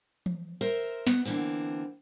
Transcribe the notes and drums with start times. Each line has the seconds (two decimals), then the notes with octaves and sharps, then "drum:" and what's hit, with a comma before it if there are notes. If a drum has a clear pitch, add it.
0.26 drum: tom E3
0.61 A#4 C5 E5
1.07 B3, drum: snare
1.25 D3 E3 A#3 C4